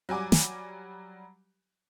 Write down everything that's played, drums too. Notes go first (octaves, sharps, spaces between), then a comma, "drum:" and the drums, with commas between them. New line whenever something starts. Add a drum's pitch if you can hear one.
F#3 G3 G#5 D6
drum: snare